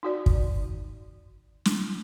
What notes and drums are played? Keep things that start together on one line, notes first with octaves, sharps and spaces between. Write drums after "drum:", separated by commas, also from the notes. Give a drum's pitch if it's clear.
D#4 F#4 D5
drum: kick
drum: snare